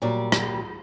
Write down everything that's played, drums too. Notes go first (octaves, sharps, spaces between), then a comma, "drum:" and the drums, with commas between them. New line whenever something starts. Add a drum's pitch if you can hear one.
A#2 F#3 G3 D5
drum: rim click